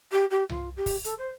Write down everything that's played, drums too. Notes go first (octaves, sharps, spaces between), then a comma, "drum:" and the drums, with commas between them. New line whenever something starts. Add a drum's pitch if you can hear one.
G4
G4
F4, drum: tom C2
G4
drum: kick, open hi-hat
A4, drum: hi-hat
C5